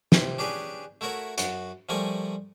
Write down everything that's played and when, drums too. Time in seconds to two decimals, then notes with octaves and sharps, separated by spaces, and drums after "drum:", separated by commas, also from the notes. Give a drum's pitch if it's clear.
0.12 C3, drum: snare
0.38 C#4 D4 G4 G#4 B4
1.01 A3 E4 F#4 A#4 C#5
1.38 F#2 F#4, drum: hi-hat
1.89 F3 G3 A3 A#4 C#5 G#5